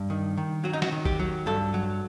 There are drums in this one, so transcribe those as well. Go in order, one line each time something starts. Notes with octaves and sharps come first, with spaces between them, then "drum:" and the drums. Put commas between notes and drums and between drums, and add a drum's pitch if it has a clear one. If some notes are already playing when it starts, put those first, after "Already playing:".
Already playing: G2
D#3
D#3
F#3 F#4
D#4
F#4, drum: snare
D#3
G4, drum: kick A1
F#3
G2 A4
F#3